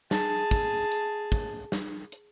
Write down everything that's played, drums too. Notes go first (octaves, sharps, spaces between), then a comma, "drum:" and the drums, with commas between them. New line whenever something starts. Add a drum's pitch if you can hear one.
G#4 A5, drum: snare
drum: kick, hi-hat
drum: hi-hat
drum: kick, hi-hat
drum: snare
drum: hi-hat